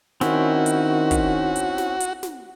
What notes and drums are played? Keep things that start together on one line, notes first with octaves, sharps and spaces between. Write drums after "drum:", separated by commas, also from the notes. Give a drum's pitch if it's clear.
D#3 C4 C#4 E4 F#4, drum: snare
drum: hi-hat
drum: kick, hi-hat
drum: hi-hat
drum: snare
drum: hi-hat
drum: snare